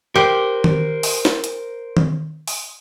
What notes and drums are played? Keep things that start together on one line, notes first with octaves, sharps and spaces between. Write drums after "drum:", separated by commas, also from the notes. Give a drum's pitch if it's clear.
G4 A#4 C5
drum: tom D#3
drum: open hi-hat
drum: snare
drum: hi-hat
drum: tom D#3
drum: open hi-hat